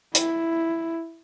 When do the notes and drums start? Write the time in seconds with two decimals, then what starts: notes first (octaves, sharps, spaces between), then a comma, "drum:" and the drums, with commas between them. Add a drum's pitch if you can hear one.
0.15 E4, drum: hi-hat